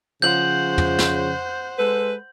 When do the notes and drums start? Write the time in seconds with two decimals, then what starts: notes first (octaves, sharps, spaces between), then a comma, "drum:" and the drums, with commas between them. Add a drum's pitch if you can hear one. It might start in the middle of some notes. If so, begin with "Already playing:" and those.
0.22 C#3 F3 C5 F#5 G6 F#7
0.78 drum: tom
0.99 drum: snare
1.79 G#3 A4 B4